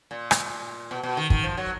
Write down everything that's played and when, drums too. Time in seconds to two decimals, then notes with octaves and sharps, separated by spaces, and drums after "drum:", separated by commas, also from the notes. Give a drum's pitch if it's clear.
0.11 A#2
0.31 drum: rim click
0.91 B2
1.03 B2
1.17 D#3
1.30 D#3, drum: kick
1.44 F3
1.57 F#3